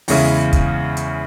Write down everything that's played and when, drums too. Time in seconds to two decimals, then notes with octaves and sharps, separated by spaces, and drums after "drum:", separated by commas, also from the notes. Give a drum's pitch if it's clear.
0.08 E2 C#3 G#3 C#4 E4, drum: open hi-hat
0.53 drum: kick, hi-hat
0.97 drum: hi-hat